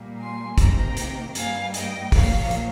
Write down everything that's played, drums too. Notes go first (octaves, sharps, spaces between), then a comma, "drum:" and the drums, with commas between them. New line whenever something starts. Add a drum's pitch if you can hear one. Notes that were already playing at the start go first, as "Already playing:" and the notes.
Already playing: A#2 G3 A#3
G#5 C6
C3 D#3 A#3 G5 A#5, drum: kick, hi-hat
drum: hi-hat
G2 G3 A#3 F5 G#5, drum: hi-hat
D#5 G5, drum: hi-hat
A#2 F3 A#3 C#5 F5, drum: kick, open hi-hat
drum: hi-hat